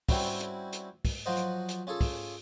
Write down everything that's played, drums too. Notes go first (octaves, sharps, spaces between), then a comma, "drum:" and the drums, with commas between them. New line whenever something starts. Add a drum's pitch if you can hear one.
G3 C4 C#4 E4 F#4, drum: kick, open hi-hat
drum: hi-hat
drum: hi-hat
drum: kick, open hi-hat
F3 F#3 F4 F#4 C5 D#5
drum: hi-hat
drum: hi-hat
C#4 F4 G#4 A4
drum: kick, open hi-hat